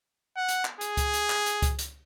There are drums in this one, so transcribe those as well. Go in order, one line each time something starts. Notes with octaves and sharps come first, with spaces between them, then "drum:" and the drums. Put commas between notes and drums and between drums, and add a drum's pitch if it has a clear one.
F#5
drum: hi-hat
drum: clap
G#4, drum: hi-hat
drum: kick C#2, hi-hat
drum: hi-hat
drum: clap
drum: hi-hat
drum: kick C#2, hi-hat
drum: hi-hat